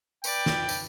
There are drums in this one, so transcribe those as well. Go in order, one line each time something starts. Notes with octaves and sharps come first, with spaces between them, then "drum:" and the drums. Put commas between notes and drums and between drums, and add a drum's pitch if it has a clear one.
B4 D5 G5, drum: tambourine
drum: snare
drum: tambourine